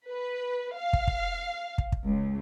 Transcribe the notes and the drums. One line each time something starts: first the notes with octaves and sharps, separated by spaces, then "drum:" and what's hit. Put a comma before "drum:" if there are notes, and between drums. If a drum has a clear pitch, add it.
B4
F5
drum: kick
drum: kick
drum: kick
drum: kick
C#2